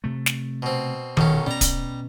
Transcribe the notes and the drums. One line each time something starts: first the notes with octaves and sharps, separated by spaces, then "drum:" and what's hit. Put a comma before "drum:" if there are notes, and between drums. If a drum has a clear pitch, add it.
C3 A3
drum: snare
B2 C4
D#1 B1 D#3 C#4, drum: tom D#3
B2 G3 C#4 A#5
drum: kick D1, hi-hat